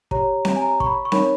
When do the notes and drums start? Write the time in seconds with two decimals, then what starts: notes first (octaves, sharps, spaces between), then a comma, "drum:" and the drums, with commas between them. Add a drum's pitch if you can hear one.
0.11 G4 C#5 A#5, drum: kick
0.45 drum: snare C4
0.56 G#5
0.62 A#5
0.80 C#6, drum: kick
0.86 B5
1.05 C#6
1.12 D#4 A#4 C#5 B5, drum: snare C4